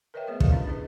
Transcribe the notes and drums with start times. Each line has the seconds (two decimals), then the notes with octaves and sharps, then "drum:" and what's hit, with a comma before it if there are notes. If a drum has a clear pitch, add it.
0.14 A#4 B4 C#5 D#5 E5 G5
0.27 A3 B3 G#4 C5 D#5
0.40 F4 G4 A4 B4 D5 F5, drum: kick
0.52 C#4 D4 E4 D#5
0.67 C#4 E4 G#4 B4 D#5